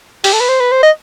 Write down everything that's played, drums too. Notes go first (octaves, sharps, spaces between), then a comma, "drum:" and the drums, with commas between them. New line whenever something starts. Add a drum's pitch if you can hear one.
G4, drum: open hi-hat
A4
B4
C5
B4
C5
D#5